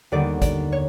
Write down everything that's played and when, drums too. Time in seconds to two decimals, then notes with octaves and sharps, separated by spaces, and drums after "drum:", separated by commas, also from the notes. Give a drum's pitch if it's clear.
0.12 D#2 D3 G3 B3 D5
0.42 D5, drum: kick, hi-hat
0.72 C#5